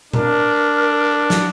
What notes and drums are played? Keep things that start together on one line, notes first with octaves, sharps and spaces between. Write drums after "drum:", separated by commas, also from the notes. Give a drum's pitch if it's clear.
D4 A#4, drum: tom A#2
drum: snare